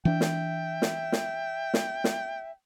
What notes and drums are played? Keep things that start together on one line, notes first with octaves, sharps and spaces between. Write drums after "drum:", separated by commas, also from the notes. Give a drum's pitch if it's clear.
E3 D4 E5 G5
drum: snare
drum: snare
drum: snare
drum: snare
drum: snare